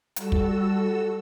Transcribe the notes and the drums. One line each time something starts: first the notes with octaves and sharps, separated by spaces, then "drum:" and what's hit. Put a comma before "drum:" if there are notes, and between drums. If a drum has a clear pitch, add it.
G3 F#4 A4 E6, drum: hi-hat
drum: kick